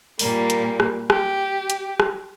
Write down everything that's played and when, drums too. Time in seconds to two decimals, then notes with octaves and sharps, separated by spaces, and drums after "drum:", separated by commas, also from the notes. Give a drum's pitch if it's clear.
0.19 A#2 G3 A#3, drum: open hi-hat
0.50 drum: hi-hat
0.80 drum: rim click
1.10 G4, drum: rim click
1.70 drum: hi-hat
2.00 drum: rim click